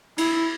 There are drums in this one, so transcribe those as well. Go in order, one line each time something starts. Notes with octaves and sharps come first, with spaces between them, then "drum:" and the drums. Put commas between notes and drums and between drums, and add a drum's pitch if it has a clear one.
E4, drum: cymbal